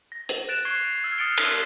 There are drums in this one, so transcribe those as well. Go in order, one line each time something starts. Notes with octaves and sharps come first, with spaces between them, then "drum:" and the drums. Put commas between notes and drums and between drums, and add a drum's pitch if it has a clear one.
A#6
drum: hi-hat
F#6 A6 D7 E7 F7
C#6 G#6 C7 G7
E6 F6 G#6
D#6 F6 A6 C#7 D7 G7
A6, drum: cymbal